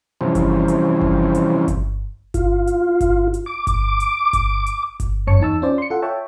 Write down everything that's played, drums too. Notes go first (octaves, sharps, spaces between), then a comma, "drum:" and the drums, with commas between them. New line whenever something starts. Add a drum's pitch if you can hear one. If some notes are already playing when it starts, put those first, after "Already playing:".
C3 E3 F3 G3 C4 C#4
drum: kick G1, hi-hat
drum: hi-hat
drum: kick G1
drum: hi-hat
drum: kick G1, hi-hat
F4, drum: kick G1, hi-hat
drum: hi-hat
drum: kick G1, hi-hat
drum: hi-hat
D6
drum: kick G1, hi-hat
drum: hi-hat
drum: kick G1, hi-hat
drum: hi-hat
drum: kick G1, hi-hat
G1 F#2 C#5 A5 C#7
E2 D#4 A5 E6
C#4 F4 C5 D5
C6 C#7
F4 A4 F#5
C#5 E5 G5 A5